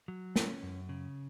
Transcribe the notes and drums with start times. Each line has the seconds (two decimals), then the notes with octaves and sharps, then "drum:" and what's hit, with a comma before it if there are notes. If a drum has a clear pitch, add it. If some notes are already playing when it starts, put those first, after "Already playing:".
0.08 F#3
0.36 C#4, drum: snare
0.63 F#2
0.89 C#3